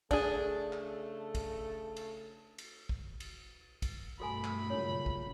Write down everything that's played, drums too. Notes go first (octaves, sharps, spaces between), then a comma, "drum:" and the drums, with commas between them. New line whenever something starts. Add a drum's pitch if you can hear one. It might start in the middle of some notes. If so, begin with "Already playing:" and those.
C#3 A3 D4 G#4 A4, drum: kick, cymbal
drum: clap
drum: kick, cymbal
drum: cymbal
drum: cymbal
drum: kick
drum: cymbal
drum: kick, cymbal
G2 B2 A3 F#4 A4 G#5 B5
drum: clap
F#2 A#2 C#3 C#5
drum: kick